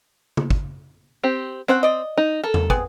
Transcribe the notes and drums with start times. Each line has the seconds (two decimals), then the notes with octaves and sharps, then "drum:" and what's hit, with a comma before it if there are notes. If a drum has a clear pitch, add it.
0.37 drum: tom C#3
0.50 drum: kick
1.23 C4 G4
1.68 C4 C#4 C5 F#5
1.83 D5 D#5
2.17 D#4
2.44 A4 A#4
2.54 drum: tom E2
2.70 B3 C4 G#4, drum: kick